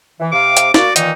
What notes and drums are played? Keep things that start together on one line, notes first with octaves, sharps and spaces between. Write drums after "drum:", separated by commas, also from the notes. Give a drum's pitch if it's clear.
E3
C3 F5 D6
drum: hi-hat
A#3 F#4 D5, drum: snare
A#2 D#3 E3 D#4, drum: hi-hat